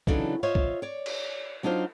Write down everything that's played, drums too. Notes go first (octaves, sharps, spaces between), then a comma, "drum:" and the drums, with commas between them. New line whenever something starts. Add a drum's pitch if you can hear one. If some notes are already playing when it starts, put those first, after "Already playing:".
C#3 E3 F#3 D4 D#4 A4, drum: kick
F4 C5 C#5 D#5 E5
drum: kick
C#5 D5
drum: cymbal
F#3 D4 D#4 F4 C5